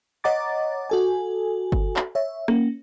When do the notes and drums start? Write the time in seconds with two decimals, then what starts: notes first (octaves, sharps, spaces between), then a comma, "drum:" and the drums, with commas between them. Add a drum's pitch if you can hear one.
0.24 C#5 D#5 F#5 A#5 D6 A6
0.90 F#4 A4 G#5
1.72 drum: kick G1
1.96 drum: clap
2.15 C#5 E5
2.48 A#3 C#4, drum: rim click